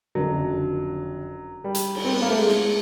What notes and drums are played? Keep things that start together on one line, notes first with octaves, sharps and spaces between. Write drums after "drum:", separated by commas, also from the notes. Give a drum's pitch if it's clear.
F#1 F2 D3 F#3
G3
drum: hi-hat
drum: cymbal
C4
B3
A#3
A3
G#3
drum: snare